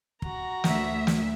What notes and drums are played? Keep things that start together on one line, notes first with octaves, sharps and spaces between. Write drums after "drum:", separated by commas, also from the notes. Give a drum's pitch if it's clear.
F#4 A#5, drum: kick
D2 E5, drum: snare
drum: snare